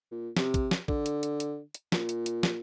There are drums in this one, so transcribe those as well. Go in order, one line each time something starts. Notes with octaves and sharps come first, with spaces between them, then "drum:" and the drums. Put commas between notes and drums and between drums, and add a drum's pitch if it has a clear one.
A#2
C3, drum: snare
drum: kick, hi-hat
drum: snare
D3, drum: kick
drum: hi-hat
drum: hi-hat
drum: hi-hat
drum: hi-hat
A#2, drum: snare
drum: hi-hat
drum: hi-hat
drum: snare